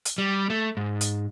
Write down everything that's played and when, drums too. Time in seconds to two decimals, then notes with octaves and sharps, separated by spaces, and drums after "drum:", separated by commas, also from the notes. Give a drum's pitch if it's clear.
0.05 drum: hi-hat
0.18 G3
0.50 A3
0.77 G#2
1.01 drum: hi-hat